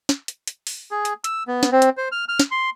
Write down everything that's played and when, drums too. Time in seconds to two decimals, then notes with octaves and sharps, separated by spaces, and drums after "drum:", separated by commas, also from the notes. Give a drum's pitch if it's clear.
0.09 drum: snare
0.28 drum: hi-hat
0.47 drum: hi-hat
0.67 drum: open hi-hat
0.91 G#4
1.05 drum: hi-hat
1.24 E6, drum: hi-hat
1.48 B3
1.63 drum: snare
1.72 C4
1.82 drum: hi-hat
1.97 C5
2.12 F6
2.28 F6
2.40 drum: snare
2.51 C6